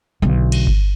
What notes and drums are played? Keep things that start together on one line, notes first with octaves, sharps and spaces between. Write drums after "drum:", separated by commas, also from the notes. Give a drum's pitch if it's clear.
B1 D3
drum: cymbal
drum: kick G1